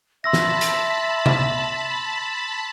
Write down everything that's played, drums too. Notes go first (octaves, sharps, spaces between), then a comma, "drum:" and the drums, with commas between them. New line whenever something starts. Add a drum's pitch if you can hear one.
E5 A5 B5 C6 E6 A#6
drum: snare
drum: hi-hat
drum: tom C3